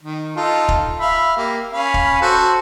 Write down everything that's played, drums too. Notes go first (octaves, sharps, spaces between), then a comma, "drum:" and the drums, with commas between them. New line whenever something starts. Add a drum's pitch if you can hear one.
D#3
D#4 F4 A4
drum: kick
E5 F5 B5
A#3 G4
C#4 F5 B5
drum: kick
F#4 A4 C5